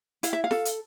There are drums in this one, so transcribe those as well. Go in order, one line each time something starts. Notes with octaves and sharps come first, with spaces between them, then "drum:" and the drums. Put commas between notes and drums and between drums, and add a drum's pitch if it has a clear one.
E4 F5, drum: hi-hat
E5
F5
A4, drum: snare F4
drum: hi-hat